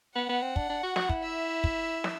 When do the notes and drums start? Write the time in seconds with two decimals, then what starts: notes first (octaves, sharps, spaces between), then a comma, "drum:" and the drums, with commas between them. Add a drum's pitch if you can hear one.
0.15 B3 F#5
0.29 B3
0.42 C4
0.56 D4, drum: kick
0.69 D4
0.83 F#4
0.96 F#4, drum: snare
1.09 E4, drum: kick
1.24 E5
1.64 drum: kick
2.04 drum: snare